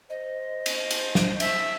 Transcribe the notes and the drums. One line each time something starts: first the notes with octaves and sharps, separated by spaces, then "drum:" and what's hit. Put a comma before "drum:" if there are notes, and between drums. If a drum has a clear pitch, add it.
C5 D#5
drum: cymbal
drum: cymbal
drum: snare
E5, drum: cymbal